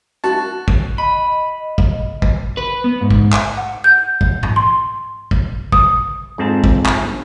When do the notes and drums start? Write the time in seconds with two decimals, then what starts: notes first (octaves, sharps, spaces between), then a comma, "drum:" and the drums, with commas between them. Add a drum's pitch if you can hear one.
0.24 F#4 A5
0.68 drum: kick
0.98 D#5 B5
1.78 drum: kick
2.22 drum: kick
2.57 B4
2.84 B3
3.01 G#2
3.10 drum: kick
3.33 drum: clap
3.57 F#5
3.84 G6
4.21 drum: kick
4.43 drum: tom G#2
4.56 C6
5.31 drum: kick
5.72 D#6, drum: kick
6.38 F2 G#2 C4 A5
6.64 drum: kick
6.86 drum: clap
7.02 G1